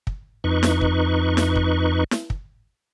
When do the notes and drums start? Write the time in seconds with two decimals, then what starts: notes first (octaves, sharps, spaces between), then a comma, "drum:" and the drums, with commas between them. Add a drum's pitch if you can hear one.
0.07 drum: kick
0.44 F2 D#4 B4 C#6
0.63 drum: snare
0.81 drum: kick
1.37 drum: snare
1.56 drum: kick
2.11 drum: snare
2.30 drum: kick